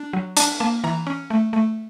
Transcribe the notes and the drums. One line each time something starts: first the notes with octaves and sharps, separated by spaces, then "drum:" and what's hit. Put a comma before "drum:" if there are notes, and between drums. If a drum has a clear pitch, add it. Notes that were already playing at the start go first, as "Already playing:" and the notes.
Already playing: D4
F#3
D4 A5, drum: hi-hat
A#3 A5
E3 A#5
C#4
A3
A3